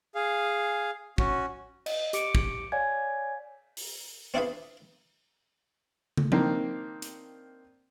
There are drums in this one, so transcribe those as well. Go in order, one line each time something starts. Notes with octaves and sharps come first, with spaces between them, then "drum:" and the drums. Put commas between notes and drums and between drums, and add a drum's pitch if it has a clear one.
G#4 F5
C#4 F#4, drum: kick
D#5, drum: cymbal
G4 D6 C#7 D7, drum: hi-hat
drum: kick
C#5 D5 F5 G#5 G#6
drum: open hi-hat
C4 D4 E4 F4 G#4 B4
drum: tom
D#3 A#3 C4 D4, drum: tom F3
drum: hi-hat